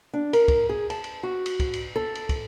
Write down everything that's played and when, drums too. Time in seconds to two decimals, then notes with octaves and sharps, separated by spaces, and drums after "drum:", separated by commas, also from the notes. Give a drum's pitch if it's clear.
0.13 D4
0.33 A#4, drum: cymbal
0.48 drum: kick, cymbal
0.69 G#4
0.90 A5, drum: cymbal
1.04 drum: cymbal
1.23 F#4
1.46 drum: cymbal
1.60 drum: kick, cymbal
1.74 drum: cymbal
1.96 A4
2.15 drum: cymbal
2.29 drum: kick, cymbal